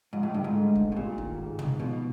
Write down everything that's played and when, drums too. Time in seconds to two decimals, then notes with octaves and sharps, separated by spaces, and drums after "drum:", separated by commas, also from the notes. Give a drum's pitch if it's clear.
0.13 G#2 F3
0.23 A2
0.33 G2 D3
0.44 G#2
0.55 A3
0.76 G2, drum: kick
0.92 B2
0.96 A#2 G3
1.18 D#3, drum: kick
1.38 G#2
1.59 G#2, drum: tom
1.80 B2 F3